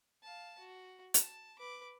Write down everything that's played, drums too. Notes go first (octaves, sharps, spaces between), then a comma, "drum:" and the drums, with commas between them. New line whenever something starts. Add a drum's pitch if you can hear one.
F5 A5
F#4
A5, drum: hi-hat
B4 D6